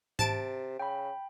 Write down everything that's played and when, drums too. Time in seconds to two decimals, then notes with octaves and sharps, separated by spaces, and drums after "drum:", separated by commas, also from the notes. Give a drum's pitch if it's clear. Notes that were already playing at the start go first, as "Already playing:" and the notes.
0.19 C3 A5 A6 D7, drum: tom G#2
0.79 C#3 G5 B5